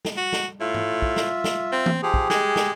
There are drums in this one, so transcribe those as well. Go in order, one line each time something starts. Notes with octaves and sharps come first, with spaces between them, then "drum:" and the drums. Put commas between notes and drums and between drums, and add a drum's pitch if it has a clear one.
drum: snare
F#4
drum: snare
A2 F4 E5
drum: tom G#2
drum: kick
drum: snare
drum: snare
C4
drum: tom E3
F3 G4 G#4
drum: kick
G#3, drum: snare
drum: snare